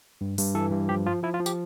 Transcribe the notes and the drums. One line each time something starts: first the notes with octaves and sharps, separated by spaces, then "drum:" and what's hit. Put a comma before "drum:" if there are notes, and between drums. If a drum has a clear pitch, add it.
G2
G2, drum: open hi-hat
E3 A4
G2
F3 G4
F3 F4
F3 E4
F4
F3
G4, drum: tambourine